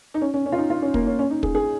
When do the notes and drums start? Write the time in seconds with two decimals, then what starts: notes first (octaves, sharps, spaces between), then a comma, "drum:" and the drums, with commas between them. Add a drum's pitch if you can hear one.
0.14 D#4
0.21 C#4
0.34 C#4
0.46 C#4
0.52 F4
0.58 D#4
0.70 F4
0.82 C#4
0.94 A#3, drum: kick
1.07 C#4
1.19 C#4
1.30 D#4
1.43 G#4, drum: kick
1.55 G#4